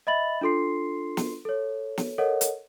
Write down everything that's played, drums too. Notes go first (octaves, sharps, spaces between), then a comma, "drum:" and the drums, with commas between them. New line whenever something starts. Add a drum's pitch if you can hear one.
D#5 E5 B5 A6 F#7
D4 F4 A4 C6 C7
drum: snare
A4 C#5
drum: snare
A4 A#4 C#5 D#5 F#5
drum: hi-hat